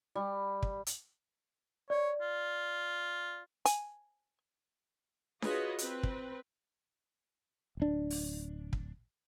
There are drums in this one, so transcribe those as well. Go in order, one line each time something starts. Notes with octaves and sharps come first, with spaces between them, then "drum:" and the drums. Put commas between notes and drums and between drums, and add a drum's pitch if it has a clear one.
G3
drum: kick
drum: hi-hat
C#5 D5
F4
G#5, drum: hi-hat
F4 F#4 G#4 B4 C#5 D#5, drum: snare D4
C4 B4, drum: hi-hat
drum: kick
D1 D4
drum: open hi-hat
drum: kick